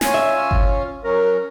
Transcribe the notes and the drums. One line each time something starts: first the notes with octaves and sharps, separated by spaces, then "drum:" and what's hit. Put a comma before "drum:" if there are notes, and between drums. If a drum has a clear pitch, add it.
C#4 F4 G#5, drum: snare
E5
drum: kick G1
F#3 C#4 A#4